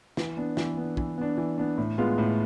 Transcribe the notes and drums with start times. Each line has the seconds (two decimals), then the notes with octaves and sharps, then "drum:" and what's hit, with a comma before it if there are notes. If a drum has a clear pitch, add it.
0.17 E3, drum: snare
0.37 B3 D4
0.57 E3, drum: snare
0.77 B3 D4
0.97 E3, drum: kick
1.18 B3 D4
1.38 E3
1.58 B3 D4
1.78 A2
1.98 G#3 B3 F4
2.18 A2